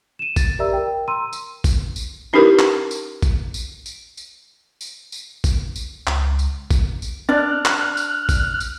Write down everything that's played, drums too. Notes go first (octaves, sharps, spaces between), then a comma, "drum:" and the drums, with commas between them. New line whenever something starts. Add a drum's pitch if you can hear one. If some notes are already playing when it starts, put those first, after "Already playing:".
D#7 E7
A6, drum: kick, tambourine
G4 A#4 D5 E5 A#5 E6
A#4 G5
A#5 C6 E6 D#7
drum: tambourine
drum: kick, tambourine
drum: tambourine
C#4 D#4 E4 G4 A#4 B4
drum: clap
drum: tambourine
drum: kick, tambourine
drum: tambourine
drum: tambourine
drum: tambourine
drum: tambourine
drum: tambourine
drum: kick, tambourine
drum: tambourine
C#2, drum: clap
drum: tambourine
drum: kick, tambourine
drum: tambourine
D4 D5 F6 F#6
drum: clap
drum: tambourine
drum: kick, tambourine
drum: tambourine